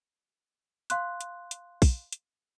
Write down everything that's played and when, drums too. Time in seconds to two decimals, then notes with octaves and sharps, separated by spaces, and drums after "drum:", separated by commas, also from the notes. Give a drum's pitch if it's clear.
0.90 F5 C6 F#6, drum: hi-hat
1.21 drum: hi-hat
1.51 drum: hi-hat
1.82 drum: kick, open hi-hat
2.12 drum: hi-hat